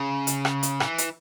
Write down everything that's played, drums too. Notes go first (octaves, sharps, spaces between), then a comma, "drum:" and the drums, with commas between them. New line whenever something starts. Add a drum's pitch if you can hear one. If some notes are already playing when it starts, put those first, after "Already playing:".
Already playing: C#3
drum: hi-hat
drum: rim click
drum: hi-hat
E3, drum: rim click
drum: hi-hat